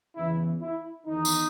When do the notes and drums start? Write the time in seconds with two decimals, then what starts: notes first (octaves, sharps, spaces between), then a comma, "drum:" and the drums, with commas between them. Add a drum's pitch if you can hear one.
0.16 E2 C#3 E3 E4
0.61 E4
1.06 E2 D#3 D#4
1.25 drum: tambourine